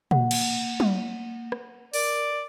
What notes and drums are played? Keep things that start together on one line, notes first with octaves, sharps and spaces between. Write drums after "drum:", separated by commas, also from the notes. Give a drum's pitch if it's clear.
A#3 F#5, drum: tom A#2
drum: cymbal
drum: tom F#3
drum: rim click
A#4 D5, drum: open hi-hat